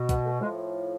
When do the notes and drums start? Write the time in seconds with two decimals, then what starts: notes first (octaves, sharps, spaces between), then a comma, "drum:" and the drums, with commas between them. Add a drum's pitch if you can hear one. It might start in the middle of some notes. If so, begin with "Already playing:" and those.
Already playing: B2
0.09 B3, drum: kick, hi-hat
0.25 A3
0.41 A2 F3 G#3